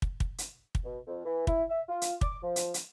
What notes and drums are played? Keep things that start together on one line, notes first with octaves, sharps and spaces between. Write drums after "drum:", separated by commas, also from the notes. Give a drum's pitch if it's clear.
drum: kick
drum: kick
drum: hi-hat
drum: kick
B2
F2
E3
E4, drum: kick
E5
F4
drum: hi-hat
D6, drum: kick
F3
drum: hi-hat
drum: hi-hat